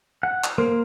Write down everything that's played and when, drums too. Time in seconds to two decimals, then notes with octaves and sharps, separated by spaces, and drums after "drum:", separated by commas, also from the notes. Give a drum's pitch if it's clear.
0.23 F#5
0.44 drum: clap
0.58 A#3 A#4 C5